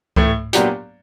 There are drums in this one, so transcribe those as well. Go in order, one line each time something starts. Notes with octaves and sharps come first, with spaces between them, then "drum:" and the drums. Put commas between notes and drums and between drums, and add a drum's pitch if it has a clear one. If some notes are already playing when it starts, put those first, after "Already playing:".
A2 E3 A3, drum: kick C#2
A#2 F#3 B3 D4 G4, drum: hi-hat